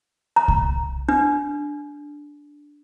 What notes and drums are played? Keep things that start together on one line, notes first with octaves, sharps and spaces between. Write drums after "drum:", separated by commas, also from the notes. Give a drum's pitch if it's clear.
A#5
drum: kick C2
D4